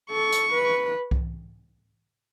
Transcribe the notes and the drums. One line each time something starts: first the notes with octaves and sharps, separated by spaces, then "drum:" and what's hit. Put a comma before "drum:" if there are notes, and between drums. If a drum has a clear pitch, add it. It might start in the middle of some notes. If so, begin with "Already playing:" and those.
A4 C#6
drum: hi-hat
B4
drum: kick C2